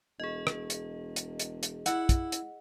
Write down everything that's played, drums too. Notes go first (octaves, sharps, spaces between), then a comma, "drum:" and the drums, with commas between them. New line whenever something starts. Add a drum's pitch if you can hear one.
E1 G#4 D#5
drum: rim click
drum: hi-hat
drum: hi-hat
drum: hi-hat
drum: hi-hat
E4 F#5, drum: hi-hat
drum: kick, hi-hat
drum: hi-hat